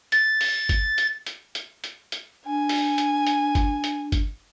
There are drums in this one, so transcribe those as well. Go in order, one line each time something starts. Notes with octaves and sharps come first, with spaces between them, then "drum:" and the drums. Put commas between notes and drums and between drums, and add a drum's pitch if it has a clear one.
A6, drum: hi-hat
drum: open hi-hat
drum: kick G1, hi-hat
drum: hi-hat
drum: hi-hat
drum: hi-hat
drum: hi-hat
drum: hi-hat
D4 G#5
drum: open hi-hat
drum: hi-hat
drum: hi-hat
drum: kick G1, hi-hat
drum: hi-hat
drum: kick G1, hi-hat